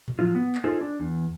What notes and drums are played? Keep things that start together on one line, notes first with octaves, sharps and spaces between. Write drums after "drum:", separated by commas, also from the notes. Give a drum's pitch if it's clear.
drum: tom A2
F3 F#3 F4
B3
drum: clap
D#4 F4 G#4 A4 C5
D4
E2